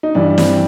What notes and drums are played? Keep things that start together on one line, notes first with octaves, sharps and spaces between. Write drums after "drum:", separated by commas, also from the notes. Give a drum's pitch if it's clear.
D#4
G2 E3 G3 D4
C4, drum: snare